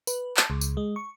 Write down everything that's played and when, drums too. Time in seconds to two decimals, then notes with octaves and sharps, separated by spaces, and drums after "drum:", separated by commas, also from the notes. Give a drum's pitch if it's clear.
0.07 B4, drum: tambourine
0.37 A5, drum: clap
0.50 C#2
0.61 drum: tambourine
0.77 G#3
0.96 C#6